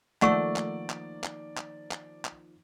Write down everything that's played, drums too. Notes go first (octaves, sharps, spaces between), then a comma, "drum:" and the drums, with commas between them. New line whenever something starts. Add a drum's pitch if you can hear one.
D#3 F3 A3 A#3 D5 F#5 C#6 E6, drum: clap
drum: clap
drum: clap
drum: clap
drum: clap
drum: clap
drum: clap